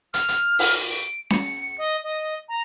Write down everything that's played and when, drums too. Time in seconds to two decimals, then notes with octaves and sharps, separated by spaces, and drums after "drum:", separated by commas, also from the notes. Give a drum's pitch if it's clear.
0.14 F6, drum: hi-hat
0.28 drum: hi-hat
0.59 drum: open hi-hat
0.90 D7
1.30 C#7, drum: snare C#4
1.78 D#5
2.04 D#5
2.49 A#5